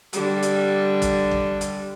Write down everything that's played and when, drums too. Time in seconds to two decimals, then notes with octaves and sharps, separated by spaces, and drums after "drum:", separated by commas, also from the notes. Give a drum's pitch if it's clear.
0.13 D3 G3, drum: hi-hat
0.43 drum: hi-hat
1.02 drum: kick, hi-hat
1.31 drum: kick
1.61 drum: hi-hat